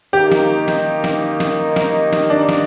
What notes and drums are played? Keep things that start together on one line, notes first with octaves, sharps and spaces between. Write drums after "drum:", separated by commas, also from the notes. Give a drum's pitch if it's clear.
D#3 A#3 D#4 G4
drum: snare
drum: snare
drum: snare
drum: snare
drum: snare
drum: snare
D4
drum: snare